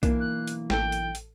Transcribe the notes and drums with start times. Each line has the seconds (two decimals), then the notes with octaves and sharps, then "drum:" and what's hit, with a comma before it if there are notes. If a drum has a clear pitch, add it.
0.03 B1 E3 A#3 D4, drum: kick B1, hi-hat
0.20 F#6
0.47 drum: hi-hat
0.70 A1 A4 G5, drum: snare
0.92 drum: hi-hat
1.15 drum: hi-hat